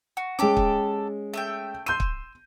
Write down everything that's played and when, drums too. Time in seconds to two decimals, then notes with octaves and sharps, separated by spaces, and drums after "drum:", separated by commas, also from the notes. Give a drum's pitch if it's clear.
0.17 F#4
0.39 G#3 C#4 G4 A4 D6
0.57 drum: kick
1.34 A3 E5 G5
1.86 C6 E6 G6 D#7
2.00 drum: kick